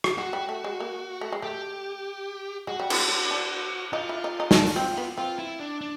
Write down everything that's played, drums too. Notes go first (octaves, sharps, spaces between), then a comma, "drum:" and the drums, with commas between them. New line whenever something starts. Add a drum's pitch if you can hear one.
drum: rim click
G#3 F#4
G3
A3
G#3
A#3
A3
G#3
A3 G4
G#3 F#4
G3
G#3, drum: cymbal
D4
D#4 F4
E4
D#4
D#4
C#4, drum: snare
D4
drum: open hi-hat
C4
B3
C4 F4
E4
D4
D4